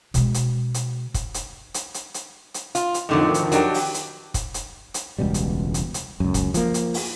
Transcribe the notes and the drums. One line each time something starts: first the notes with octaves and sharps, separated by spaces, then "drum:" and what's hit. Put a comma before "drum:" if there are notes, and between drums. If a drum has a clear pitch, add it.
B2 G#3, drum: hi-hat
drum: hi-hat
drum: hi-hat
drum: kick, hi-hat
drum: hi-hat
drum: hi-hat
drum: hi-hat
drum: hi-hat
drum: hi-hat
F4, drum: hi-hat
drum: hi-hat
F2 A2 D3 D#3 F#3
drum: hi-hat
F#3 D4 G4, drum: hi-hat
drum: open hi-hat
drum: hi-hat
drum: kick, hi-hat
drum: hi-hat
drum: hi-hat
E1 C#2 B2 G3
drum: hi-hat
drum: hi-hat
drum: hi-hat
C#2 F#2
drum: kick, hi-hat
F3 A#3, drum: hi-hat
drum: hi-hat
drum: open hi-hat